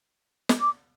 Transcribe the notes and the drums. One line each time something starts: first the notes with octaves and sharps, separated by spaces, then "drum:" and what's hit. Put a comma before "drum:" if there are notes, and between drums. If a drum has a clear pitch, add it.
drum: snare
D6